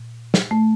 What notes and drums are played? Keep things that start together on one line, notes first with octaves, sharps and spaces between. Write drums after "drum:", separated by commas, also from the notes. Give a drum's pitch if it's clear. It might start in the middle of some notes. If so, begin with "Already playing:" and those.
Already playing: A#2
drum: snare
A3